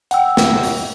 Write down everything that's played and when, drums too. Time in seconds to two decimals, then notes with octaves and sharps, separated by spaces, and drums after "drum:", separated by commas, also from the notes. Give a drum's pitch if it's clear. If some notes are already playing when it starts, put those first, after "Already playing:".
0.11 F#5 G5 E6, drum: hi-hat
0.37 drum: snare
0.63 drum: open hi-hat